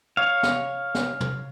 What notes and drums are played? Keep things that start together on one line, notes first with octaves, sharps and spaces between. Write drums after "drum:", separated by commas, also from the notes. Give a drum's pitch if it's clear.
C#5 F5
drum: snare
drum: snare
drum: tom